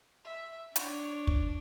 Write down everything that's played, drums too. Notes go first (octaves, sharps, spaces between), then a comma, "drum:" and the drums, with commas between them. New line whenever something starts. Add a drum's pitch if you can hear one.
E5
D4 C#5, drum: hi-hat
drum: kick